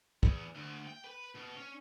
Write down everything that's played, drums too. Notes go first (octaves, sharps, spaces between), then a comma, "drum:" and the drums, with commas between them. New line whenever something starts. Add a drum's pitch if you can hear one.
E2, drum: kick
D2
G5
B4
B2
C#4